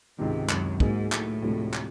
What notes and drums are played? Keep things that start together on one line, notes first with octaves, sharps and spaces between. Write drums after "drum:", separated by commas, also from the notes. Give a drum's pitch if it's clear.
C#2 G#2 C3 D#3
F#2, drum: clap
G#2 F#3 A#3 D#4 G#4, drum: kick
A2, drum: clap
D2 C3 F3 G#3
drum: clap